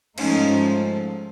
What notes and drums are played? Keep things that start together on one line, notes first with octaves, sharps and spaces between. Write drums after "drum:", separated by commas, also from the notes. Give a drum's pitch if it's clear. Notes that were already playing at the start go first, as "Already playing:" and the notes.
G#2 F3 A3 C#4 D#4, drum: cymbal